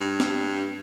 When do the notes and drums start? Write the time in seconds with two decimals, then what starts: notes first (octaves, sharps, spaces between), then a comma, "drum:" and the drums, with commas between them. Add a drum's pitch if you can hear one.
0.01 G2
0.20 drum: snare